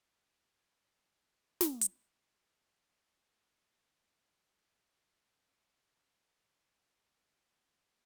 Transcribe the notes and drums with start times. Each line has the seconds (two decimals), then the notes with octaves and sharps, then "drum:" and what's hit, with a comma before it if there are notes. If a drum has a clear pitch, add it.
0.56 C3 G3 G#3
1.61 drum: snare
1.81 drum: hi-hat
2.42 C3 D#3 B3 C#5 D#5
4.01 G3 A#3 C#4 F4 G#4 A4
5.86 G1 E3 A3 C4 D#5 E7